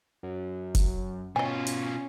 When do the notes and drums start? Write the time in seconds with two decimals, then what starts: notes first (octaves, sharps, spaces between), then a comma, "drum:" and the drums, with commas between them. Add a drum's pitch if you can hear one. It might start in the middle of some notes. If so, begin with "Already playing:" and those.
0.23 F#2
0.75 drum: kick F1, hi-hat
1.36 B2 C#4 F4 D#5 G#5
1.67 drum: hi-hat